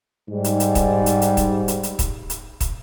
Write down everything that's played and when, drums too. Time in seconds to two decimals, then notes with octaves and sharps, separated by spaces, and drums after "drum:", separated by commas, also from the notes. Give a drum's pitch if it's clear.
0.29 G#2 G3
0.44 drum: hi-hat
0.60 drum: hi-hat
0.75 drum: kick, hi-hat
1.06 drum: hi-hat
1.22 drum: hi-hat
1.37 drum: kick, hi-hat
1.68 drum: hi-hat
1.83 drum: hi-hat
1.99 drum: kick, hi-hat
2.30 drum: hi-hat
2.61 drum: kick, hi-hat